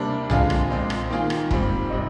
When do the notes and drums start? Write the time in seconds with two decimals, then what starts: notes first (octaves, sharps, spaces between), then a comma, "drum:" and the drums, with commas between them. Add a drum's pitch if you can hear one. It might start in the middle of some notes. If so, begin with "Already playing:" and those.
Already playing: C3 G3 A#3 D4
0.30 D3 G#3 C4 F4 G#4, drum: tom B1
0.50 drum: rim click
0.70 A#2 G#3 C4
0.90 drum: rim click
1.10 D#3 A#3 F4 G#4
1.30 drum: rim click
1.51 G#2 G3 C4, drum: kick E1
1.90 C3 G3 C4 D#4